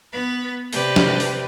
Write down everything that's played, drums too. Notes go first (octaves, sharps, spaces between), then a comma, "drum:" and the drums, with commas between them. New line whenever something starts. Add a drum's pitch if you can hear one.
B3 B4
C3 G4 B4 D5, drum: open hi-hat
drum: snare
drum: open hi-hat